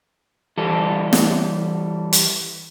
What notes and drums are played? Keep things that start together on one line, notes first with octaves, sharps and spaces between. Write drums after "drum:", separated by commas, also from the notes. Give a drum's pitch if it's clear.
E3 G3 A4
drum: snare
drum: hi-hat